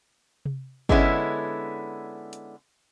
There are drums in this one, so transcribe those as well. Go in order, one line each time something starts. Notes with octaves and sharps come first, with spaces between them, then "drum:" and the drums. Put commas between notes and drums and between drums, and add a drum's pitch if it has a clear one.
drum: tom C3
D3 G#3 B3 C#4 E4, drum: kick G1
drum: hi-hat